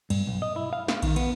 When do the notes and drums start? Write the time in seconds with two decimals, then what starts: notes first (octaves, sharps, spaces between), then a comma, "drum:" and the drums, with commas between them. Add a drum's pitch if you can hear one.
0.10 G2, drum: cymbal
0.27 B1
0.42 D#5
0.56 E4
0.73 F5
0.88 F5, drum: snare
1.02 D#3, drum: kick A#1, cymbal
1.16 B3, drum: cymbal